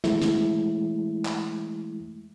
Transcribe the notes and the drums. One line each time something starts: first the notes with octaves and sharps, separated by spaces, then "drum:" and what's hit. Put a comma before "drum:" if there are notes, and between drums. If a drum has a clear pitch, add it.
E3 G#3 A3 E4, drum: snare
drum: snare
drum: clap